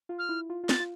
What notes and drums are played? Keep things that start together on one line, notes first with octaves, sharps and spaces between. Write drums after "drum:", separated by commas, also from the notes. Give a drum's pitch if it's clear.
F4
F6
E4
F4
F4
A6, drum: snare
F4